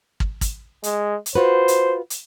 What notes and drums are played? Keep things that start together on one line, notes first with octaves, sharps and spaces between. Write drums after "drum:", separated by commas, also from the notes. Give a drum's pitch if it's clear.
drum: kick
drum: kick, hi-hat
G#3, drum: hi-hat
drum: hi-hat
F4 F#4 B4 C5
drum: hi-hat
drum: hi-hat